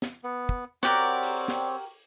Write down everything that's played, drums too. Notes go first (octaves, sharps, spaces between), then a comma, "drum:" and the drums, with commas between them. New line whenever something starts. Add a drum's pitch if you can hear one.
drum: snare
B3
drum: kick
C4 F#4 G4 A#4 C#5 D5, drum: snare
drum: open hi-hat
drum: snare